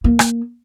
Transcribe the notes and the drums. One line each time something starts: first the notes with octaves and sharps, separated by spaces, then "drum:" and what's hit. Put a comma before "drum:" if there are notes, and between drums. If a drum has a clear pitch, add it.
A#3
drum: rim click